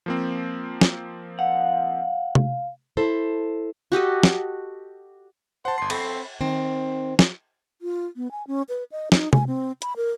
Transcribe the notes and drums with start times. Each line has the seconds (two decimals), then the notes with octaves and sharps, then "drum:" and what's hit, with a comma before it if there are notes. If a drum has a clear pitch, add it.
0.06 F3 A#3 C4
0.81 drum: snare
1.39 F5 F#5
2.35 drum: tom C3
2.97 E4 A4 C5
3.92 F#4 G4 A4 D#5
4.23 drum: snare
5.65 C5 F#5 A5
5.78 G1 A5 C6 C7
5.90 C4 A4 B5 C#6 A#6, drum: cymbal
6.41 D#3 C4
7.19 drum: snare
7.82 F4
8.17 B3
8.31 G#5
8.47 C#4
8.69 B4
8.92 D#5
9.12 D#4, drum: snare
9.33 G#5, drum: tom C3
9.47 C4
9.82 B5, drum: hi-hat
9.97 A#4